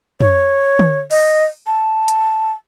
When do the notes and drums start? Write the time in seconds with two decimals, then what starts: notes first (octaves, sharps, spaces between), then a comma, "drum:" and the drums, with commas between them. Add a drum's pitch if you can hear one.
0.21 C#5, drum: tom
0.79 drum: tom
1.11 D#5, drum: open hi-hat
1.67 A5
2.08 drum: hi-hat